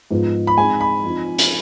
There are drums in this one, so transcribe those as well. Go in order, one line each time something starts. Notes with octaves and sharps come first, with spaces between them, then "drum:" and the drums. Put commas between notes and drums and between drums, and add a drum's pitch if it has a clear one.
G#2 F3 B3 F4
B5
G#3 C4 D#4 G#5
B5
F3 C4 D#4
drum: hi-hat